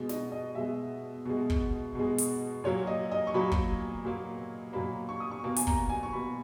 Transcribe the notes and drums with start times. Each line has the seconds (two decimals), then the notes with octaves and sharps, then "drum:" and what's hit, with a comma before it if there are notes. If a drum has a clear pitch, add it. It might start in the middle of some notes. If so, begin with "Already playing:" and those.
Already playing: B2 G#3
0.09 D#5, drum: snare
0.32 D#5
0.55 B2 G#3 E5
1.25 B2 G#3
1.50 drum: kick
1.95 B2 G#3
2.18 drum: hi-hat
2.64 A#2 F#3 A#3 C#5
2.87 D#5
3.11 D#5
3.27 C#6
3.34 A#2 F#3 A#3 B5
3.52 drum: kick
4.05 A#2 F#3 A#3
4.73 A#2 F#3 A#3 B5
5.09 C#6
5.20 D#6
5.31 C#6
5.44 B2 A#3
5.56 G#5, drum: hi-hat
5.67 A#5, drum: kick
5.89 G#5
6.03 C#6
6.13 B2 A#3 B5